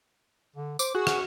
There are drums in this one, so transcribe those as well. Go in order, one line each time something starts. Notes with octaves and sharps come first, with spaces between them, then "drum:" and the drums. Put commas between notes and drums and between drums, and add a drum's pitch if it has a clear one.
D3
C5 D6, drum: tambourine
F#4 G#4
drum: rim click